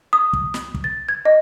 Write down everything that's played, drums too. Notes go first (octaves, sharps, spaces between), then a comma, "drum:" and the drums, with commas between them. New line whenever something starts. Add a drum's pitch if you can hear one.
D#6
drum: kick
drum: snare
drum: kick
A6
G#6
D#5